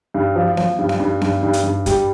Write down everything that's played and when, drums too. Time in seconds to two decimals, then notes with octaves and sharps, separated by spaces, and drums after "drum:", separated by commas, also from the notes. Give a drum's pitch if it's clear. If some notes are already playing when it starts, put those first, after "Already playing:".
0.14 G2
0.36 F3
0.57 F3, drum: snare B3
0.79 G2
0.89 drum: snare B3
1.00 G2
1.21 G2, drum: snare B3
1.43 G2
1.53 drum: hi-hat
1.63 G2
1.86 G3, drum: kick, hi-hat